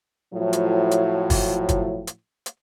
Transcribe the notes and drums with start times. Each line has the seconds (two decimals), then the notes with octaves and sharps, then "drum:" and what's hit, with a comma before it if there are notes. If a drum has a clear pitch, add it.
0.33 A2 F3 F#3
0.53 drum: hi-hat
0.91 drum: hi-hat
1.30 drum: kick, open hi-hat
1.69 drum: kick, hi-hat
2.07 drum: hi-hat
2.46 drum: hi-hat